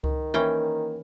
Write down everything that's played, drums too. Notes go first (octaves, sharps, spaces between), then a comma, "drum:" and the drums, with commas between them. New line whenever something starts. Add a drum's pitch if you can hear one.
D#3, drum: kick C#2
E3 A#3 C#4 G5